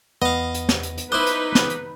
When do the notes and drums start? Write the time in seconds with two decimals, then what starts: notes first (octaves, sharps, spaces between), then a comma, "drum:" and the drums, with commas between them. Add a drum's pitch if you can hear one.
0.22 E2 B3 D#5 F5
0.54 drum: hi-hat
0.69 drum: snare
0.83 drum: hi-hat
0.97 drum: hi-hat
1.12 D#4 E4 B4 C5 D6 D#6 F#6
1.26 drum: hi-hat
1.55 drum: snare
1.70 drum: hi-hat